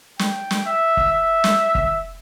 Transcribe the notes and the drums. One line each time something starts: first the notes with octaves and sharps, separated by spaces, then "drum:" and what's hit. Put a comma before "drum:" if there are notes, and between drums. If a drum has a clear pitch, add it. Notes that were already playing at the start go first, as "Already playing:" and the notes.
G5, drum: snare
drum: snare
E5
drum: kick
E5
drum: snare
drum: kick